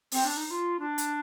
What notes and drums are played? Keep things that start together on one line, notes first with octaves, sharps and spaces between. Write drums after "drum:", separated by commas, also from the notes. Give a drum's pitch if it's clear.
C4, drum: open hi-hat
D4
D#4
F4
D4
drum: hi-hat